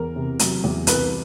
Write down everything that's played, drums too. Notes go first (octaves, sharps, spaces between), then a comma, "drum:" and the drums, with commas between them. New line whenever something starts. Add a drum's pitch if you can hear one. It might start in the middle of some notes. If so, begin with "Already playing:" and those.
Already playing: E2 A#4
C3
F#3, drum: hi-hat
E2
C2 B4, drum: hi-hat